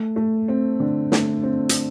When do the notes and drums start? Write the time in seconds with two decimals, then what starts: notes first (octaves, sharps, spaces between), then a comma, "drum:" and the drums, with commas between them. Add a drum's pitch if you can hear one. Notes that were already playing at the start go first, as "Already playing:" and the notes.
Already playing: A3
0.16 A3
0.48 C4
0.80 D3
1.12 A3, drum: snare
1.43 C4
1.69 drum: hi-hat